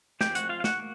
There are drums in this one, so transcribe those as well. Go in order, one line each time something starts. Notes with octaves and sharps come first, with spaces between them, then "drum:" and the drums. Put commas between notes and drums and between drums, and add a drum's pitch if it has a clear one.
F3 G#3 C4 G4 G5, drum: snare
F#4 F#5, drum: hi-hat
F4 F5
F5
F#4 F#5, drum: snare
A#3